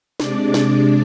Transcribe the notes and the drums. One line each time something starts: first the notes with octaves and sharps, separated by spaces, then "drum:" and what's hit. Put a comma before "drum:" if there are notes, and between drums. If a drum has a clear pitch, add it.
C3 G#3 D4 D5, drum: snare
drum: snare